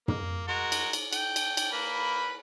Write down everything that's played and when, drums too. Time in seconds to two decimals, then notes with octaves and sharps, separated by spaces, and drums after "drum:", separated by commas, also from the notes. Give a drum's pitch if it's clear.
0.08 A#3, drum: tom
0.48 G#3 F#4 A#4
0.72 drum: cymbal
0.93 drum: cymbal
1.13 G5, drum: cymbal
1.36 drum: cymbal
1.57 drum: cymbal
1.72 A#3 B4 B5